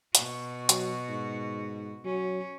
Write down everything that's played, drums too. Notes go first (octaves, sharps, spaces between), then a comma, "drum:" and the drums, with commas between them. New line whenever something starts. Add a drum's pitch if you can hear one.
B2 F#4, drum: hi-hat
F#3, drum: hi-hat
G#2
F#3 C#4